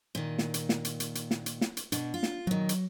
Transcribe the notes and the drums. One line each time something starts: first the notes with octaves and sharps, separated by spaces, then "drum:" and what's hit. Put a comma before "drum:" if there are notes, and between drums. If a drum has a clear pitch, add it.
A#2 D#3
drum: snare
drum: hi-hat
drum: snare
drum: hi-hat
drum: hi-hat
drum: hi-hat
drum: snare
drum: hi-hat
drum: snare
drum: hi-hat
B2 D4, drum: hi-hat
F4
drum: snare
A#2 D#3 F#3
drum: hi-hat